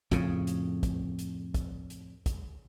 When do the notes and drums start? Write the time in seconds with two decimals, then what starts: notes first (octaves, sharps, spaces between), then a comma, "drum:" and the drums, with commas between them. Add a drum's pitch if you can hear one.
0.11 F2 A2 C#3, drum: kick, hi-hat
0.47 drum: hi-hat
0.83 drum: kick, hi-hat
1.19 drum: hi-hat
1.54 drum: kick, hi-hat
1.90 drum: hi-hat
2.26 drum: kick, hi-hat